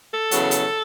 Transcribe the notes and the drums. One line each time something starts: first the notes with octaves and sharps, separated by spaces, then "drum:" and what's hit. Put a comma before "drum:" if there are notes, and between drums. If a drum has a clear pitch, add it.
A4
E2 C#3 F#3, drum: hi-hat
drum: hi-hat